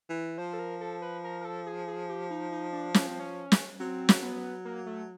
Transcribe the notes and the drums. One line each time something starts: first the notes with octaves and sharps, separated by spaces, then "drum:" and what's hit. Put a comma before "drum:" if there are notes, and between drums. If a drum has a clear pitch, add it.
E3
F3 C5
A4
A#4
A4
B4
A#4
A#4
A4
G#4
G#4
G4
D#4
D#4
D4
C#4, drum: snare
C4
C#4
drum: snare
F#3 C4
drum: snare
B3
A#3
A3